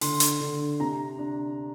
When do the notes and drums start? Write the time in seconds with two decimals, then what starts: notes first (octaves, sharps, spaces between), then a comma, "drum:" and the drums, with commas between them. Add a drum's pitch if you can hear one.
0.01 D3 C6, drum: open hi-hat
0.20 drum: hi-hat
0.41 D3
0.80 C3 A#5
1.18 D4